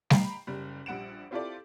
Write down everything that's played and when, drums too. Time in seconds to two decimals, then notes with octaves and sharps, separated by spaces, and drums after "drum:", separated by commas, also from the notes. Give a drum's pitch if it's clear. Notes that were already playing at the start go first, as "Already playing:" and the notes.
0.10 G5 A#5 B5 C7, drum: snare G3
0.47 F#1 G3
0.86 A#1 G3 F#5 D7 E7
1.31 C4 E4 F4 G4 A4 D5